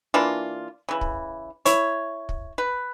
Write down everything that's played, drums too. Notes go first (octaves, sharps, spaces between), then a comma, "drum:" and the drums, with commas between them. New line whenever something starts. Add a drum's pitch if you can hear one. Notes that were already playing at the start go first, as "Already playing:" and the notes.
E3 A#3 D4 F4
C#3 E3
drum: kick
E4 C#5, drum: hi-hat
drum: kick
B4